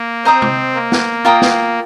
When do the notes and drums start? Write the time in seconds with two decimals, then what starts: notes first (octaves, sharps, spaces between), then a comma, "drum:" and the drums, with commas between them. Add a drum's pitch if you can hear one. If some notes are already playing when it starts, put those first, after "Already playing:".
Already playing: A#3
0.25 C4 C5 D#5 A#5 D#6
0.42 drum: tom C3
0.75 A#3
0.92 drum: snare
1.25 F4 A#4 G5 D#6
1.41 drum: snare